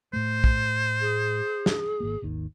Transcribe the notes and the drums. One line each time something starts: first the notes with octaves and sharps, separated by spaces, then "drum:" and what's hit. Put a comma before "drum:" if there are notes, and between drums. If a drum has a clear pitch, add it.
A2 A3 C5
drum: kick A#1
G#4
drum: snare
G#1 A#3
G#1 D#2 D#3